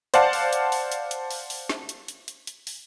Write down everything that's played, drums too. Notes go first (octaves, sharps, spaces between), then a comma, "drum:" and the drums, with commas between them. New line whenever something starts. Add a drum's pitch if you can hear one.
C5 D5 F5 F#5 A5, drum: hi-hat
drum: open hi-hat
drum: hi-hat
drum: open hi-hat
drum: hi-hat
drum: hi-hat
drum: open hi-hat
drum: open hi-hat
drum: snare
drum: hi-hat
drum: hi-hat
drum: hi-hat
drum: hi-hat
drum: open hi-hat